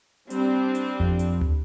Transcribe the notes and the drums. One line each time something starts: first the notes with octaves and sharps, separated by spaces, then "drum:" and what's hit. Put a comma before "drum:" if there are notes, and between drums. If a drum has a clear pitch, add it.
G3 C4 D4, drum: hi-hat
drum: hi-hat
F2, drum: kick G1
drum: hi-hat
drum: tom D2